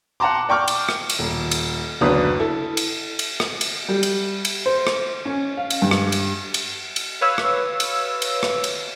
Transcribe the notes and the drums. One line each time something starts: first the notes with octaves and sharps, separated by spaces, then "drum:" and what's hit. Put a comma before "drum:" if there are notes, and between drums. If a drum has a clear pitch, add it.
F#5 G5 A5 A#5 C6 D6
D5 G5 C#6 D6 F6
drum: cymbal
drum: rim click
drum: cymbal
D#1
drum: cymbal
F#1 D2 D4 B4 D#6
E4 A4
drum: cymbal
drum: cymbal
drum: rim click
drum: cymbal
G3
drum: cymbal
drum: cymbal
C5
drum: rim click
C#4
F5
drum: cymbal
G2
drum: rim click
drum: cymbal
drum: cymbal
drum: cymbal
B4 C#5 F5 E6
drum: rim click
drum: cymbal
drum: cymbal
drum: rim click
drum: cymbal